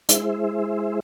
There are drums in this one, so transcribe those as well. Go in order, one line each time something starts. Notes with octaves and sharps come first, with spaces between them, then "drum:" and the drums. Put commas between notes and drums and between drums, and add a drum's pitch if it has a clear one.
G#3 E4 G#4 C5 E5, drum: hi-hat